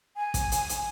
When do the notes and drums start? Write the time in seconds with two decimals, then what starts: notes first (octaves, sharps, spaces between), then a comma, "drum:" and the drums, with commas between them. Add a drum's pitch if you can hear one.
0.16 G#5
0.34 drum: kick, hi-hat
0.52 drum: hi-hat
0.69 drum: hi-hat